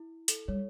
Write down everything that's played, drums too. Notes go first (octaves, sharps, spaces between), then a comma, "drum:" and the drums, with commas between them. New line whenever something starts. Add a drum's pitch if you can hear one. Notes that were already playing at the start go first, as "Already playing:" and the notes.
Already playing: E4
A4, drum: hi-hat
G3 C#5